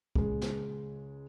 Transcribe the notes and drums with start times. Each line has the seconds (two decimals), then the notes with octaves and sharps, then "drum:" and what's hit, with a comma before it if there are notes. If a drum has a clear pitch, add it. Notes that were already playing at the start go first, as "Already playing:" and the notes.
0.15 C#2 G#3, drum: kick
0.41 drum: snare